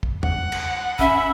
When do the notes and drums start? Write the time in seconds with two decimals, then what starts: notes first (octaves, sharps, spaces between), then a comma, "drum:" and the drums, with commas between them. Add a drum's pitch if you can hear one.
0.03 drum: kick
0.23 F#5, drum: tom E2
0.52 drum: cymbal
0.99 C#4 E5 B5, drum: kick